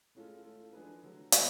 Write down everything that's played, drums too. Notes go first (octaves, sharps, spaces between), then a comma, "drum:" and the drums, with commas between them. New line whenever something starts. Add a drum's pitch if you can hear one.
A2 G#3 C#4 F4 A4
A3 F4 A4
F3 G#3 D4 G#4 B4
D3 F#3 A3
B2 A3 C#4 F4, drum: hi-hat